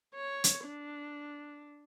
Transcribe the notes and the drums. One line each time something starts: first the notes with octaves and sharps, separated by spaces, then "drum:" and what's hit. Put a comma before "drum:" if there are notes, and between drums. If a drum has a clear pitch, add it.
C#5
drum: hi-hat
D4